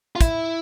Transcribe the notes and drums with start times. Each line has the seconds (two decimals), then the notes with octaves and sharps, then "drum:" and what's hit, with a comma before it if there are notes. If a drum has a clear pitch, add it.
0.16 F4
0.21 E4, drum: kick, hi-hat